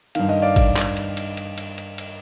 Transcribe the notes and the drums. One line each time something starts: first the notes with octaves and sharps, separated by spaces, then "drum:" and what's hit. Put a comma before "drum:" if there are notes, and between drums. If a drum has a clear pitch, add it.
G2 D#3 F5, drum: cymbal
D#5
D5 F5
drum: kick, cymbal
drum: clap
drum: cymbal
drum: cymbal
drum: cymbal
drum: cymbal
drum: cymbal
drum: cymbal